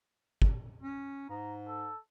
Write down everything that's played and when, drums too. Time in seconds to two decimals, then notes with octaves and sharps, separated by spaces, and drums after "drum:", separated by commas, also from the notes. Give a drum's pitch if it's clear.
0.42 drum: kick
0.82 C#4
1.29 G#2 A#5
1.67 A4